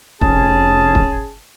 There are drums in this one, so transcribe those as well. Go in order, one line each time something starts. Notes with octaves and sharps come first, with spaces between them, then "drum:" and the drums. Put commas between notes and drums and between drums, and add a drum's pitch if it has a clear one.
F1 C#4 G#4 A5, drum: kick
drum: kick